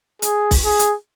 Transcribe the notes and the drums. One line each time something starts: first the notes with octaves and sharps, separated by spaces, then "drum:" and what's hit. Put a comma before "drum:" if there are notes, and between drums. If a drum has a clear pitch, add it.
G#4, drum: hi-hat
drum: kick B1, open hi-hat
G#4
drum: hi-hat